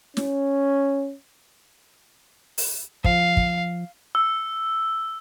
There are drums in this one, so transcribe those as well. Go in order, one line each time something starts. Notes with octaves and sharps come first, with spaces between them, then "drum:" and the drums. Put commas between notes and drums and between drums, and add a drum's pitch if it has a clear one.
C#4, drum: snare
drum: open hi-hat
F3 F5, drum: kick
drum: kick
E6